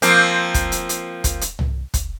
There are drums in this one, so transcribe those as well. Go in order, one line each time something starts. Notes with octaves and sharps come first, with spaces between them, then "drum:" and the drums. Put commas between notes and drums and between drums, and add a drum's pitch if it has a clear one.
F3 A#3 C4, drum: hi-hat
drum: kick, hi-hat
drum: hi-hat
drum: hi-hat
drum: kick, hi-hat
drum: hi-hat
drum: tom C2
drum: kick, hi-hat